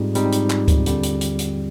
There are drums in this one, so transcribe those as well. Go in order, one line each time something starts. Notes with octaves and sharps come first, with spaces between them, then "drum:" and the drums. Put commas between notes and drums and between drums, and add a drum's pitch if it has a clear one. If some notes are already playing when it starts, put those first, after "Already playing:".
Already playing: G#2 G3 C4 D#4 F4 G#4
G#2 G3 C4 D#4, drum: hi-hat
drum: hi-hat
drum: clap
drum: kick C#2, hi-hat
D#2 D3 G3 C4, drum: hi-hat
drum: hi-hat
drum: hi-hat
drum: hi-hat